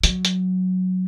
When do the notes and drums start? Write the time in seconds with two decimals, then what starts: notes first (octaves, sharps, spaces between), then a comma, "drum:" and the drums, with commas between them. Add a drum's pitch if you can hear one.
0.03 F#3, drum: hi-hat
0.25 drum: hi-hat